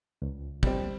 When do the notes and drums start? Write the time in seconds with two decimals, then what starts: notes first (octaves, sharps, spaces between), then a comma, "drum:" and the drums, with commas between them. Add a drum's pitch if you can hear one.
0.22 C#2
0.63 G3 C4, drum: kick